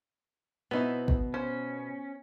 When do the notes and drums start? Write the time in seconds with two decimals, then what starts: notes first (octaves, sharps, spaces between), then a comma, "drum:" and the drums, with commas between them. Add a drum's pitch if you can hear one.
0.71 B2 B3 C4 D#4 E4
1.08 drum: kick G1
1.34 C#4 C5